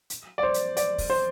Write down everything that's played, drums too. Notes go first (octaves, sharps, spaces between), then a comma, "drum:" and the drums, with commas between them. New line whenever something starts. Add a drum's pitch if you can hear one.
drum: hi-hat
D5
C5
drum: hi-hat
D5, drum: hi-hat
drum: kick, open hi-hat
C5